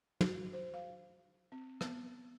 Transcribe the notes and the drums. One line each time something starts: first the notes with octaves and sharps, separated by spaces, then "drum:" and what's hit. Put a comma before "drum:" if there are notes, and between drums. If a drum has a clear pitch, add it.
F#4, drum: tom
C5
F5
C4
B3, drum: rim click